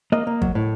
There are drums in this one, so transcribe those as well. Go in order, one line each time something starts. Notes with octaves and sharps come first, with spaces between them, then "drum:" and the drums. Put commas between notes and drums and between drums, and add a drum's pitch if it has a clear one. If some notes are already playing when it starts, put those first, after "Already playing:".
A#3 D#5
A#3
F#3, drum: kick
A2